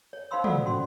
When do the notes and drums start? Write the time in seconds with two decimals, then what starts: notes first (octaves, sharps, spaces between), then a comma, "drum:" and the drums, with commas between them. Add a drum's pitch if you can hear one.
0.13 C#5
0.31 D#4 C5 F5 B5 C6 E6
0.44 F4 F#4 A4 D5 F#5 E6, drum: tom
0.65 C#4 F#4 C5 C6